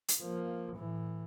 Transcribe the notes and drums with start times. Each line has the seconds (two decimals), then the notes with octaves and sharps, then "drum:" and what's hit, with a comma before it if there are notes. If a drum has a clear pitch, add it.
0.08 drum: hi-hat
0.21 F3 A#3
0.76 A2 E3